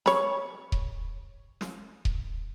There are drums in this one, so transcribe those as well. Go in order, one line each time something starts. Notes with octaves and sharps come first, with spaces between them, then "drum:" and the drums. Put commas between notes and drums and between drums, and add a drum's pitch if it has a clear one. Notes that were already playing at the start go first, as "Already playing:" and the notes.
C#5 B5, drum: snare
drum: kick D#1
drum: snare
drum: kick D#1